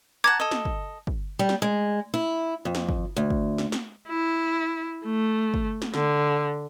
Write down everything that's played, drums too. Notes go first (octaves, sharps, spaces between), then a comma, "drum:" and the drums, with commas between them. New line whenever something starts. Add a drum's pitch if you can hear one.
F#5 A5 A#5 D6 G#6
A4 D#5
drum: snare
drum: kick
drum: kick
G3
drum: snare
G#3
E4
F2
drum: snare
drum: kick
D2
drum: kick
drum: snare
drum: snare
E4
A3
drum: kick
drum: snare
D3, drum: snare